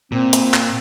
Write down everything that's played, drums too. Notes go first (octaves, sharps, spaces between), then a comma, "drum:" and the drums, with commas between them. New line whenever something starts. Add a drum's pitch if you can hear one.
A#2 C4
drum: hi-hat
drum: clap